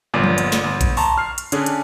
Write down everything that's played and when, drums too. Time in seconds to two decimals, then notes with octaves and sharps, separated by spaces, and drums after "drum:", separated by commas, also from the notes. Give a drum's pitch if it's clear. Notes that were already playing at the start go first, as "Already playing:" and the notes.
0.14 G1 A#2 D5 C7
0.24 drum: tom E3
0.38 drum: hi-hat
0.52 drum: snare
0.64 G1
0.81 drum: kick, hi-hat
0.97 A5 A#5 C6 C#6, drum: open hi-hat
1.18 F6 C7
1.38 drum: hi-hat
1.52 D3 C#4 D4 G#4, drum: hi-hat
1.66 drum: hi-hat